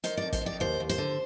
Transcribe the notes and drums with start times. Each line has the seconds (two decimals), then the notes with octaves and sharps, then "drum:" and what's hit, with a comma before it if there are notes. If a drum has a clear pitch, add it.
0.04 D#3 C5, drum: hi-hat
0.17 F2 D5
0.33 C5, drum: kick A1, hi-hat
0.41 D#3 D5
0.60 D#2 C5
0.80 D#2
0.89 C5, drum: hi-hat
0.98 D3